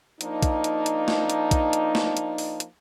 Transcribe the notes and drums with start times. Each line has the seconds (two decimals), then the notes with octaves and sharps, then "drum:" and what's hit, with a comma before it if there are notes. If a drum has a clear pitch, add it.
0.21 F3 A#3 D4 D#4, drum: hi-hat
0.42 drum: kick, hi-hat
0.64 drum: hi-hat
0.86 drum: hi-hat
1.08 drum: snare
1.30 drum: hi-hat
1.51 drum: kick, hi-hat
1.73 drum: hi-hat
1.95 drum: snare
2.17 drum: hi-hat
2.38 drum: open hi-hat
2.60 drum: hi-hat